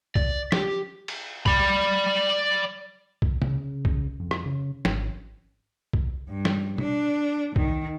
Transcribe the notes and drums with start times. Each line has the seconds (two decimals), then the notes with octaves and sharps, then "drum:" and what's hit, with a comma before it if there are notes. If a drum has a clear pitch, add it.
0.15 D5, drum: kick C2
0.52 G4, drum: snare
1.08 drum: cymbal
1.46 D5 B5, drum: kick C2
3.22 drum: kick C2
3.42 C#3, drum: tom
3.85 drum: kick C2
4.20 F2
4.31 drum: rim click
4.46 C#3
4.85 G#1, drum: snare
5.93 drum: kick C2
6.29 G2
6.45 drum: snare
6.78 D4, drum: tom
7.56 D#3, drum: kick C2